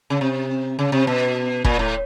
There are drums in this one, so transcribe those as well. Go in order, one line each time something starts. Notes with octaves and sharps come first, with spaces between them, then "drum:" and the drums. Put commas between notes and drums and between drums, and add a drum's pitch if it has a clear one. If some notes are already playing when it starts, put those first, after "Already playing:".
C#3
C3
C#3
C3
B2
A#2, drum: kick
A2